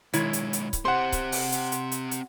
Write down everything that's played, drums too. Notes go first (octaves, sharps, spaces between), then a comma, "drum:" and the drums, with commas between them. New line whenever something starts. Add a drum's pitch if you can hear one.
B1 D#3 G#3 E4 C#5, drum: hi-hat
drum: hi-hat
drum: hi-hat
drum: kick C#1, hi-hat
C4 G4 C5 F#5 C6
drum: kick C#1, hi-hat
drum: open hi-hat
drum: hi-hat
drum: hi-hat
drum: hi-hat
drum: hi-hat